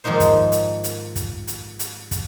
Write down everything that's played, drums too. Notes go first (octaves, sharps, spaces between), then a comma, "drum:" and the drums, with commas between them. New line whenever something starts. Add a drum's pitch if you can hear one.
G#2 D#3 F3 A#3 D#4 C5
drum: kick, hi-hat
drum: hi-hat
drum: hi-hat
drum: kick, hi-hat
drum: hi-hat
drum: hi-hat
drum: kick, hi-hat